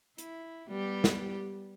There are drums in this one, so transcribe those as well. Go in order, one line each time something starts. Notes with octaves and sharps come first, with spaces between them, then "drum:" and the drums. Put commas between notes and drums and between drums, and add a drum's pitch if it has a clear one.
E4, drum: hi-hat
G3 B3 G4
drum: snare